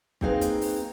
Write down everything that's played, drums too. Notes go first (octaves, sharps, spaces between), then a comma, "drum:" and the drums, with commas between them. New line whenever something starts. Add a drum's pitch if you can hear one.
A#3 C4 D#4 G#4 B4 F5, drum: kick
drum: hi-hat
drum: open hi-hat